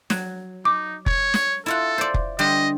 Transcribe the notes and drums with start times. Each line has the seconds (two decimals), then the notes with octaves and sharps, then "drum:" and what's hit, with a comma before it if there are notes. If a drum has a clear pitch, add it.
0.10 F#3, drum: snare
0.65 D#4 D6
1.06 C#5, drum: kick F1
1.34 drum: snare
1.66 E4 F4 A4 F#5
1.98 C5 D5
2.14 drum: kick F1
2.39 D3 G3 C5 D#5